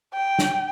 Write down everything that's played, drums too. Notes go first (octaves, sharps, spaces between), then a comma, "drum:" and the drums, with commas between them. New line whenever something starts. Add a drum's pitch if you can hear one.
G5
drum: snare